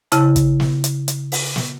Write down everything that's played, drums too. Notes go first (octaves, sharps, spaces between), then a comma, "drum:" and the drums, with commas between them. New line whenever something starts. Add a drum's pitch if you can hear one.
C#3 E4 A5, drum: hi-hat
drum: kick, hi-hat
drum: snare
drum: hi-hat
drum: hi-hat
drum: open hi-hat
drum: snare